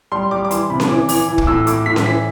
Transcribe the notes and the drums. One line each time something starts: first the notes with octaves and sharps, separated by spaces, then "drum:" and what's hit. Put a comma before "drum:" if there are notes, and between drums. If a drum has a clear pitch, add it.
G3 C6
G3 D6
D6
E3 C6, drum: hi-hat
C3 B5
drum: snare C#4
E3 D6
E3 D6, drum: open hi-hat
E3
drum: kick
A2 E6
A2 D6, drum: hi-hat
A2 B6
drum: snare C#4
E3 B6